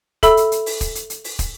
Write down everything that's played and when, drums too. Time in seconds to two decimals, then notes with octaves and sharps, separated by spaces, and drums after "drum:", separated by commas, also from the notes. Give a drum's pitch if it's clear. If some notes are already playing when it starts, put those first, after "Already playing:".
0.23 A4 E5 B5 E6, drum: kick, hi-hat
0.37 drum: hi-hat
0.52 drum: hi-hat
0.66 drum: open hi-hat
0.81 drum: kick, hi-hat
0.95 drum: hi-hat
1.10 drum: hi-hat
1.24 drum: open hi-hat
1.39 drum: kick, hi-hat